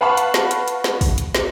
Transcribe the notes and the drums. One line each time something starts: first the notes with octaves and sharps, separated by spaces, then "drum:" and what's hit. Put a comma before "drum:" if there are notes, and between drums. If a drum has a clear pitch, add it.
B4 F5 F#5 A5 B5 C#6
drum: hi-hat
drum: snare
drum: hi-hat
drum: hi-hat
drum: snare
drum: kick, open hi-hat
drum: hi-hat
drum: snare